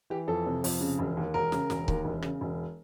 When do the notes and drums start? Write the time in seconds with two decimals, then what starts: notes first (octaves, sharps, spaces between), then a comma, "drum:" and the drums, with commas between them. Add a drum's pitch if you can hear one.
0.10 E3 G4
0.28 F2 A4
0.46 C3
0.64 F2, drum: open hi-hat
0.81 C#3
0.99 E1
1.17 D#2
1.34 E1 A#4
1.52 C#3, drum: snare
1.70 E1, drum: snare
1.88 D#2, drum: kick C#1
2.05 E1
2.22 C#3, drum: rim click
2.41 E1